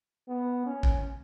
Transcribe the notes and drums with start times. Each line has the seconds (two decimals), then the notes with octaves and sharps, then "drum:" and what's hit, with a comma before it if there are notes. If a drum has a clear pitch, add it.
0.28 B3
0.66 C#4
0.83 drum: kick A1